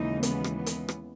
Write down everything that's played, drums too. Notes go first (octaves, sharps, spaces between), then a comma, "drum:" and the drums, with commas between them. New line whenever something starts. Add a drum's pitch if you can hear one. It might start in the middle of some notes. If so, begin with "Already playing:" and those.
Already playing: D#2 C#3 E3 G#3 D#4
B3, drum: hi-hat
drum: rim click
B3
drum: hi-hat
drum: rim click